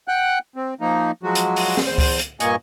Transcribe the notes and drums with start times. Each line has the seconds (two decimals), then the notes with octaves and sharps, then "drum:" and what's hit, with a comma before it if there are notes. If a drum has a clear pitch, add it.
0.08 F#5 G5 F#6
0.56 C4
0.81 F3 A#3 D#4
1.23 F3 F#3 G#3 F#4
1.35 drum: hi-hat
1.56 drum: open hi-hat
1.77 drum: snare
1.87 E2 C5
1.98 drum: kick C#2, open hi-hat
2.19 drum: hi-hat
2.40 G2 A#2 A#3 D#5 G#5 C#6, drum: hi-hat